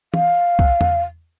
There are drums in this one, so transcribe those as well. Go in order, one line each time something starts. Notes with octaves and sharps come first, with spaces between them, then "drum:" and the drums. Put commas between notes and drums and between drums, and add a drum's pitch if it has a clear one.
F5, drum: tom
drum: kick C2
drum: tom E2